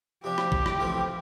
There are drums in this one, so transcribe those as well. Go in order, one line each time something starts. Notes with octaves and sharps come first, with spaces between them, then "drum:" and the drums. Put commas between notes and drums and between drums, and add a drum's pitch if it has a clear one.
C3 F3 D4 G4
drum: rim click
drum: kick
drum: rim click
A1 A2 F3 C4 F4